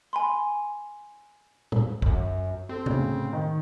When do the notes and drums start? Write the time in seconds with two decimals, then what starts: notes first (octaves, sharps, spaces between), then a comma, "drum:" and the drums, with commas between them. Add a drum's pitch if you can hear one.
0.13 G#5 B5 C6
1.72 drum: tom
2.02 F#2, drum: kick
2.69 C4 A4
2.86 A2 C#3, drum: tom C3
3.33 D#3